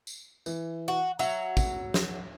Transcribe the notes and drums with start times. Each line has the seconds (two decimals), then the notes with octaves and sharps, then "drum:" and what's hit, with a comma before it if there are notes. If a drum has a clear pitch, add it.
0.07 drum: tambourine
0.46 E3, drum: tambourine
0.88 F#4
1.19 F#3 E5, drum: tambourine
1.57 drum: kick, tambourine
1.94 drum: snare